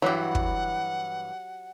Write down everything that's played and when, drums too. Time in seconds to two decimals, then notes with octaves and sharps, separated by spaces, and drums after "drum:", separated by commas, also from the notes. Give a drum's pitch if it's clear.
0.02 G2 E3 F#3 F#4 G4 F#5
0.35 drum: kick